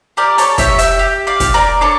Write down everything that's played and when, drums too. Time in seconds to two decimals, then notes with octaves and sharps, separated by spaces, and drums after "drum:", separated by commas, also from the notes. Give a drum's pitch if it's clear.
0.17 G4 A#4 D5
0.38 A4 C#5, drum: hi-hat
0.58 G4 C#5 E5, drum: kick, hi-hat
0.79 E5 G5, drum: hi-hat
0.99 G4
1.27 D5 F5
1.40 G4, drum: kick, hi-hat
1.54 A#4 D5
1.81 D4 A4 C#5